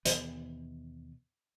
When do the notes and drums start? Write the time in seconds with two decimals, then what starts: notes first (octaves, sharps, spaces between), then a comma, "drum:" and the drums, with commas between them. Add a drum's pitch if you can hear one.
0.05 D#2 B2 E3 B3, drum: hi-hat